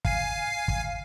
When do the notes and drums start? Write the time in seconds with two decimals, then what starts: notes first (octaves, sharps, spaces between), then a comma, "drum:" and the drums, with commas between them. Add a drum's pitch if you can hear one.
0.05 F5 G#5 C7, drum: kick
0.68 drum: kick